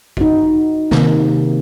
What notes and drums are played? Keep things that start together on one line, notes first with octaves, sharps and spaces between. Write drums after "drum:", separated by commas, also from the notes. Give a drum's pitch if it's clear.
D#4 F#4, drum: kick
C3 D#3 A#3, drum: snare